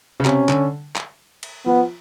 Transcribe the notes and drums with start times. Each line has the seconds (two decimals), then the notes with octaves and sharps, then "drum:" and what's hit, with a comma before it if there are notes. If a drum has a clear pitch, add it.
0.20 C#3
0.25 C3 C#4, drum: clap
0.49 D3, drum: clap
0.96 drum: clap
1.43 drum: cymbal
1.66 F3 B3